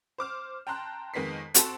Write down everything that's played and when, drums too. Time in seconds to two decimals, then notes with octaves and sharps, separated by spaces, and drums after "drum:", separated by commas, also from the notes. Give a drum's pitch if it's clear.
0.18 C5 D6 F6
0.67 G5 A5 A#5 C6 F#6
1.14 F2 D#3 G#3 B3 B6 C7
1.55 C4 F#4 A4 A5 C6, drum: hi-hat